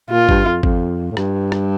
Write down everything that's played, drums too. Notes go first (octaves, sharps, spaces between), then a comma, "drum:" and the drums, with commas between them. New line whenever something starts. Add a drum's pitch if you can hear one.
A#2 F4
G2, drum: kick G#1
F2
F2, drum: kick G#1
A2
G2, drum: rim click
drum: rim click